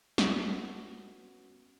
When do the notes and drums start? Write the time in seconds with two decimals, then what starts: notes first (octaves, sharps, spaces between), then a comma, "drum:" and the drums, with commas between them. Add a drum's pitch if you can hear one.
0.18 B3 C#4 F#4, drum: snare